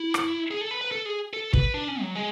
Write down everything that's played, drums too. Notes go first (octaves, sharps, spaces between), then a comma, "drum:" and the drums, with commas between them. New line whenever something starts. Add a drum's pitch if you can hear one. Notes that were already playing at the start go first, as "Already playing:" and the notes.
Already playing: E4
drum: rim click
G#4
A4
B4
B4
A4
G#4
A4
B4, drum: kick
D4
C#4
F#3
G#3